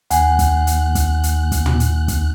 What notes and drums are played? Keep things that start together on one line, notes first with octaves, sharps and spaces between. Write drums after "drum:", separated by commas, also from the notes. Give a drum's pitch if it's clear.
D#2 F#5 G#5 F#6, drum: hi-hat
drum: kick, hi-hat
drum: hi-hat
drum: kick, hi-hat
drum: hi-hat
drum: kick, hi-hat
drum: tom
drum: hi-hat
drum: kick, hi-hat